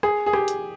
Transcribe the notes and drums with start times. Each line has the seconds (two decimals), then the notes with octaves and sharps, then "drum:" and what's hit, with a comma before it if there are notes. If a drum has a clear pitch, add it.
0.03 G#4, drum: rim click
0.26 G#4
0.33 G4, drum: rim click
0.48 drum: hi-hat